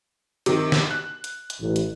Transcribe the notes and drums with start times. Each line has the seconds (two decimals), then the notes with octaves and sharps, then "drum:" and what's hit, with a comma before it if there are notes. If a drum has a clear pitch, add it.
0.46 C3 D#3, drum: hi-hat
0.72 drum: snare
0.91 F#6
1.24 drum: hi-hat
1.50 drum: hi-hat
1.61 A1
1.76 drum: hi-hat